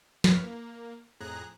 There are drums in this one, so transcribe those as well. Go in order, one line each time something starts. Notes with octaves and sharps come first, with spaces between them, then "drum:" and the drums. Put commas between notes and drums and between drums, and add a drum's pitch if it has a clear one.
G#1 F#2 E4 B4 C#5 F6, drum: snare
A#3
F2 A2 G#4 A#5 F#6